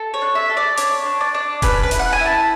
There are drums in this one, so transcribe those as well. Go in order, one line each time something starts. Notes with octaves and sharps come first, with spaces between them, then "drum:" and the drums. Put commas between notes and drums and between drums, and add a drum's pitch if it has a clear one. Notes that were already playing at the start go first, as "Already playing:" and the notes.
Already playing: A4
C#5
D4
E5
A4
D5
D4 C#5, drum: hi-hat
D4
D5
D4
C#4 B4, drum: kick D#1, hi-hat
B4
E4, drum: hi-hat
F#5
G#5
E4
A5